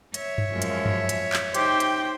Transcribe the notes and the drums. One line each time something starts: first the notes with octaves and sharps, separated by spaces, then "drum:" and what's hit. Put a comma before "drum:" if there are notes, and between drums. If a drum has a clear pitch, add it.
C#5 E5, drum: hi-hat
drum: tom G2
F#2 F3 G#3
drum: hi-hat
drum: tom G2
drum: hi-hat
drum: clap
D#4 G4 C5 G5, drum: hi-hat
drum: hi-hat